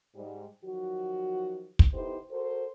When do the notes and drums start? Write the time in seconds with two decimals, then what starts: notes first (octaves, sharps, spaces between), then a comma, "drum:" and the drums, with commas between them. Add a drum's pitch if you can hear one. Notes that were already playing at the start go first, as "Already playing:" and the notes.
0.15 G#2 G3
0.64 D#3 F3 F#3 F#4
1.79 drum: kick
1.93 B3 D#4 E4 G4 A4 C5
2.31 F#4 A4 A#4 C5